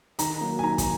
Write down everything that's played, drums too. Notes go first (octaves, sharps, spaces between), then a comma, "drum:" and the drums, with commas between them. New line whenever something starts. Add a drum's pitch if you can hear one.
D#3 A#5, drum: hi-hat
F#3 A#3
G#5
D#3 A#5
drum: kick, hi-hat